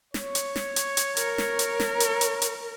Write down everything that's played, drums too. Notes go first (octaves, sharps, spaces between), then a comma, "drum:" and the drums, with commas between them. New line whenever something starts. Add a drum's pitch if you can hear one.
C#5, drum: snare
drum: hi-hat
drum: snare
drum: hi-hat
drum: hi-hat
A#4, drum: hi-hat
drum: snare
drum: hi-hat
drum: snare
drum: hi-hat
drum: hi-hat
drum: hi-hat